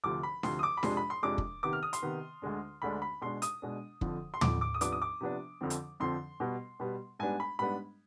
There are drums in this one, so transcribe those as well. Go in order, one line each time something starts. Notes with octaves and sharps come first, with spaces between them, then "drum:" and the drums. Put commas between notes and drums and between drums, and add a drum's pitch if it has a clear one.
D2 C3 F3 D6
B5
D2 C3 F3 C6, drum: snare D4
D#6
D6
B5
F2 C3 F3 G#3 D4 C6, drum: snare D4
B5
C6
F2 C3 F3 G#3 D4 D6
drum: kick
C3 D#3 B3 D6
F6
D#6
C6, drum: hi-hat
C3 D#3 B3
D2 D3 G#3 D4
D2 D3 G#3 D4 B5
B5
B2 G#3 D4 C6
D#6, drum: hi-hat
B2 G#3 D4
F2 D3 F3, drum: kick
C6
F2 D3 F3 D6, drum: tom
D6
D#6
C3 F3 B3 D4 D6, drum: hi-hat
D#6
D6
C3 F3 B3 D4
F2 D3 F3 C4
drum: hi-hat
F2 D3 F3 C4 C6
B2 G3 B3
B2 G3 B3
G#2 G3 B3 D4 G#5
B5
G#2 G3 B3 D4 B5